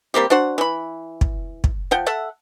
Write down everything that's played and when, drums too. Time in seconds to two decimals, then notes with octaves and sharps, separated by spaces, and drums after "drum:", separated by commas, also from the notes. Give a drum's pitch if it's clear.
0.14 G3 A#3 C4 G4
0.30 D4 F#4 C5 F#5
0.58 E3 B5
1.21 drum: kick
1.64 drum: kick
1.91 F3 F#5 G5
2.06 A4 E5 F#5